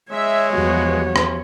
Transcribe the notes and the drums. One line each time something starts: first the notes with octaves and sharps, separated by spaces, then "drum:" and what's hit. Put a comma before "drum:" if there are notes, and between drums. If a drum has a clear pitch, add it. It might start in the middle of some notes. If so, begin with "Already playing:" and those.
G#3 C#5 E5
E2 F3 G3 B3 F#4
drum: rim click